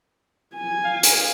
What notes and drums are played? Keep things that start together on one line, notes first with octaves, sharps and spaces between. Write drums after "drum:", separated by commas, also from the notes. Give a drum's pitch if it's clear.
G#5
F5
drum: hi-hat